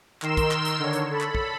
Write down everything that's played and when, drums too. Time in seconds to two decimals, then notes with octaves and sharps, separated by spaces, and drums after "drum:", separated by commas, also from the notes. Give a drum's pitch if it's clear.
0.22 D#3 A#4 C6 E6 E7, drum: clap
0.37 drum: kick, hi-hat
0.51 drum: clap
0.65 drum: hi-hat
0.79 D3 C#5
0.93 drum: hi-hat
1.11 A4 B5
1.21 drum: clap
1.35 drum: kick